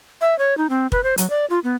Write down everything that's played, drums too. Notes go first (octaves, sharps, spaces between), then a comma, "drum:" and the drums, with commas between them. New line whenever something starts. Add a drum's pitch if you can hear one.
E5
C#5
D#4
C4
B4, drum: kick
C5
F#3, drum: hi-hat
D5
F4
B3